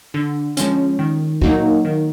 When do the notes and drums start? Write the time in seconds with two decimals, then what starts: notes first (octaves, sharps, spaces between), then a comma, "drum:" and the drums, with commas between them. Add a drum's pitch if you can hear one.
0.14 D3
0.57 F3 G#3 C#4, drum: hi-hat
0.99 D#3
1.42 F#3 A#3 D#4 F#4, drum: kick C#2
1.85 D#3